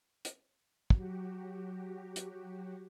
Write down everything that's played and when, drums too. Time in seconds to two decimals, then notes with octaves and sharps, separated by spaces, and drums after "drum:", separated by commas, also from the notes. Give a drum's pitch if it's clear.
0.25 drum: hi-hat
0.90 F#3 F#4 G4, drum: kick
2.16 drum: hi-hat